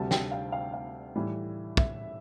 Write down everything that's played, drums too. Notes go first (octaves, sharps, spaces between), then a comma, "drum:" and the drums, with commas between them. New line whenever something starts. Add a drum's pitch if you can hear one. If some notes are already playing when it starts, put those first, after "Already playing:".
Already playing: D2 C3 G3 A5
G5, drum: snare
F5
F5
F5
A2 E3 G3
E5, drum: kick